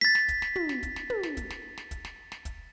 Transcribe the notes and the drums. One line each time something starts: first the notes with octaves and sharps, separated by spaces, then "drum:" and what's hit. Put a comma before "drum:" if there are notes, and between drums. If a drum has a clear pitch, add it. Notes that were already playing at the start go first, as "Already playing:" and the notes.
A6 B6
drum: snare
drum: kick, hi-hat
drum: snare
drum: tom
drum: snare
drum: kick, hi-hat
drum: snare
drum: tom
drum: snare
drum: kick, hi-hat
drum: snare
drum: snare
drum: kick, hi-hat
drum: snare
drum: snare
drum: kick, hi-hat